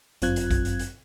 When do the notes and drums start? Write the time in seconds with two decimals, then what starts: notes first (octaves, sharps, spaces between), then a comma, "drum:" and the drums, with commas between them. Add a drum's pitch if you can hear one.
0.22 G1 F#2 C4 F4 F#6 G#6, drum: hi-hat
0.36 drum: hi-hat
0.51 drum: kick A#1, hi-hat
0.65 drum: hi-hat
0.79 drum: hi-hat